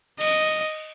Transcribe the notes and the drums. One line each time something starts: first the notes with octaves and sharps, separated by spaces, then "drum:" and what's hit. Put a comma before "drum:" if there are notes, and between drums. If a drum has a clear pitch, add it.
D#5, drum: cymbal